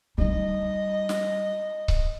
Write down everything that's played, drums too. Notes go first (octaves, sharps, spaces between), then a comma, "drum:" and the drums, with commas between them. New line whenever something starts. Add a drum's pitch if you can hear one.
G3 D#4 D#5
drum: snare
drum: kick C#1